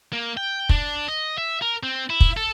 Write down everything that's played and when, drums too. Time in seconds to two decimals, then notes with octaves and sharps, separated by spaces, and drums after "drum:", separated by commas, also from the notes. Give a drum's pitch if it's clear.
0.13 A#3
0.37 G5
0.69 D4, drum: kick
1.08 D#5
1.38 E5
1.62 A#4
1.83 C4
2.10 E4
2.20 drum: kick
2.37 A4